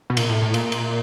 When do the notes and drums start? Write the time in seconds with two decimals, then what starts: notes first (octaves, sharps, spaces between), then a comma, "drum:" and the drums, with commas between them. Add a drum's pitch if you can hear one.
0.10 B2
0.17 A#2, drum: cymbal
0.29 A2
0.42 A2
0.54 A#2, drum: cymbal
0.72 drum: cymbal